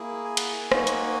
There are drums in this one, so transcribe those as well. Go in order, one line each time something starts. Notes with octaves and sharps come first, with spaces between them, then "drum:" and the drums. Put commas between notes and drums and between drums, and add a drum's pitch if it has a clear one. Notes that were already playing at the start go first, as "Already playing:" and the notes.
Already playing: A#3 E4 G#4
G#5
F#5, drum: cymbal
G#5
A#3 D#4 F#4, drum: rim click
drum: hi-hat